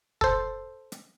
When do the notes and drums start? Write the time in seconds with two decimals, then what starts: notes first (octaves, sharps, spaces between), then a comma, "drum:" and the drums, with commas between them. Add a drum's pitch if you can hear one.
0.21 A4 C5, drum: kick
0.92 drum: hi-hat